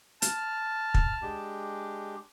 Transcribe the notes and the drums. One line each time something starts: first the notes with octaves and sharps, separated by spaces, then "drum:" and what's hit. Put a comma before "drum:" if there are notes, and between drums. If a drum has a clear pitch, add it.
A5 F6, drum: hi-hat
drum: kick
G#3 D4 G4